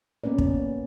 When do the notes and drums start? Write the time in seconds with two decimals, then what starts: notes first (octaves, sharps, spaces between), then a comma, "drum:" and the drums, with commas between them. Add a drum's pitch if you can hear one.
0.24 A#3 B3 C#4 B4 D5
0.38 drum: kick